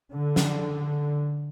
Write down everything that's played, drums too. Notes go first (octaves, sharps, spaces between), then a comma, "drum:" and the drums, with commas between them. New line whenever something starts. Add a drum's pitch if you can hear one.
D3
drum: snare